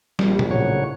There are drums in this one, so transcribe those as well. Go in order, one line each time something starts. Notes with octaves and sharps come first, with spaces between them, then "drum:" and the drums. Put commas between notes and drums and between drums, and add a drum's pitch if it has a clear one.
A#1 G3, drum: snare
drum: tom A#2
A2 C#3 F#3 C#5